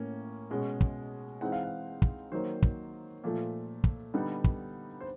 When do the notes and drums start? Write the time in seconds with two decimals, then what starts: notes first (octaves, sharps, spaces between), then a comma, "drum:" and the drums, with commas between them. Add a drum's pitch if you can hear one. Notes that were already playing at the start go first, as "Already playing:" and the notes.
Already playing: A2 A#3 C#4
0.51 B2 G#3 C#4
0.81 drum: kick
1.41 E3 G#3 C4 D#4 F#5
1.52 F5
1.63 F#5
2.02 drum: kick
2.32 D#3 F#3 A#3 C5
2.62 drum: kick
3.24 A#2 F3 A3
3.84 drum: kick
4.14 D3 G3 B3 D#4
4.44 drum: kick
5.00 C5